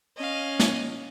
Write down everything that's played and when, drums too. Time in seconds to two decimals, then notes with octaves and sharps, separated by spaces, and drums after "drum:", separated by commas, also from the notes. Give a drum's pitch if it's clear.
0.17 C#4 D#5 F5
0.60 drum: snare